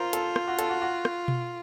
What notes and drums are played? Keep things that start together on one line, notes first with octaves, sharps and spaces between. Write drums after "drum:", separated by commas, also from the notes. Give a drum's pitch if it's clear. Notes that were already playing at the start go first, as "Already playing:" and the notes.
Already playing: F4 A#4 C5
A4, drum: hi-hat
drum: rim click
F#4
A4, drum: hi-hat
F#4
F#4
drum: rim click
drum: tom B2